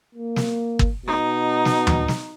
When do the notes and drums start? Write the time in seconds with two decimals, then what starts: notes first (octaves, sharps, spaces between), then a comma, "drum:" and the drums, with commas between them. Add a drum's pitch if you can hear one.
0.15 A#3
0.36 drum: snare
0.79 drum: kick
1.06 B2 D#4
1.65 drum: snare
1.87 drum: tom
2.08 drum: snare